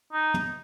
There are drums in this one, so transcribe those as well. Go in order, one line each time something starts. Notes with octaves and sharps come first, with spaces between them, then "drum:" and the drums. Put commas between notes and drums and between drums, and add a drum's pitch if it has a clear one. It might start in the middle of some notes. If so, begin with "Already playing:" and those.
D#4
drum: tom